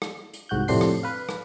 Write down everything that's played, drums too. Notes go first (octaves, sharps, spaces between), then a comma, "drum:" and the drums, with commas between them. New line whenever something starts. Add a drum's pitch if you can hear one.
drum: rim click
drum: hi-hat
C2 G#2 F#4 F#6 G6
F2 A2 C3 D4 C6 C7, drum: open hi-hat
drum: rim click
B4 F5
drum: rim click